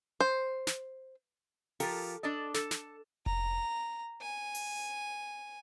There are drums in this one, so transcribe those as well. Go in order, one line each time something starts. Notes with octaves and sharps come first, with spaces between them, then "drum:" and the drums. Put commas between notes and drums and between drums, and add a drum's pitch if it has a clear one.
C5
drum: snare
F3 F4 G4 A4 A#4, drum: open hi-hat
D4 A4 D5 D#5
A4, drum: snare
drum: snare
A#5, drum: kick F1
G#5
drum: open hi-hat